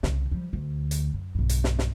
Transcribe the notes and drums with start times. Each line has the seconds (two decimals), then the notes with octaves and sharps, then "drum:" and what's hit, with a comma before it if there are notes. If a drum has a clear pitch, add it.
0.03 C2 C#3, drum: snare
0.32 F3 G3
0.53 D2
0.91 drum: hi-hat
1.13 F#2
1.35 B1 G2
1.49 drum: hi-hat
1.64 drum: snare
1.79 drum: snare